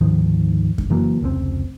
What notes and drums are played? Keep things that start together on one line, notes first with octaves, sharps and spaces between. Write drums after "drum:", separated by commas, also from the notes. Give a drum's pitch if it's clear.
D2 G#2 D#3 F3
drum: kick F#2
C#3 E3 F#3 A#3
F1 C#2 C3 C4